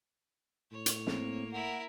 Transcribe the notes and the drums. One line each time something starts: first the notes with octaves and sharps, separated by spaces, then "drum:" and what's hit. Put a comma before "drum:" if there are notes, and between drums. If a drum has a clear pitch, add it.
A2 C#5
drum: hi-hat
A#3 C4, drum: snare
E4 A#4 F#5